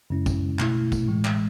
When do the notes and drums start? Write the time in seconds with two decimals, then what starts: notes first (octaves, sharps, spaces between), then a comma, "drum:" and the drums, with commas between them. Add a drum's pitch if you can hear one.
0.10 F#2 C#3 G#3 C#4 E4
0.26 drum: kick, tambourine
0.59 B2 A3 E4, drum: clap
0.92 drum: kick, tambourine
1.08 A2 E3 G#3
1.25 drum: clap